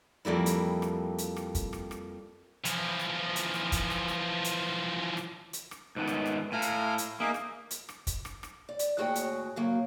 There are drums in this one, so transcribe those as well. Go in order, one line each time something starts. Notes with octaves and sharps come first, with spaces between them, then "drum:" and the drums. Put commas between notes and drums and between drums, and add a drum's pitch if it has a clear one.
F2 G3 A#3 E4
drum: hi-hat
drum: rim click
drum: hi-hat
drum: rim click
drum: kick, hi-hat
drum: rim click
drum: rim click
E3 F3, drum: hi-hat
drum: rim click
drum: hi-hat
drum: rim click
drum: kick, hi-hat
drum: rim click
drum: rim click
drum: hi-hat
drum: rim click
drum: hi-hat
drum: rim click
G#2 D#3 B3
drum: rim click
drum: rim click
A2 F5 G#5 A#5
drum: hi-hat
drum: hi-hat
A#3 D#4 G#4 E5
drum: rim click
drum: hi-hat
drum: rim click
drum: kick, hi-hat
drum: rim click
drum: rim click
D5
drum: hi-hat
D#2 A2 F#4 G#4 C#5 G5
drum: hi-hat
C#3 F#3 A#3